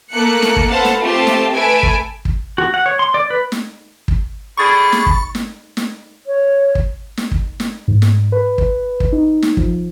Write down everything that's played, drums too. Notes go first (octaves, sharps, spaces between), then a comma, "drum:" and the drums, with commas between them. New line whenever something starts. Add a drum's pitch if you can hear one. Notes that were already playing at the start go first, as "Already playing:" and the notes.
A3 A#3 A4 F#6 C#7
drum: snare
drum: kick
A4 B4 C5 F5 F#5 A5
drum: snare
A3 C4 F4 G4 A5 C7
drum: snare
A3 A4 B4 E5 G#5 D7
drum: kick
drum: kick
F#4
F#5
C#5
C6
D5
B4
drum: snare
drum: kick
D3 G3 G#4 B5 C#6 A6
drum: snare
drum: kick
drum: snare
drum: snare
C#5
drum: kick
drum: snare
drum: kick
drum: snare
G#2
drum: snare
B4
drum: kick
drum: kick
D#4
drum: snare
F3, drum: kick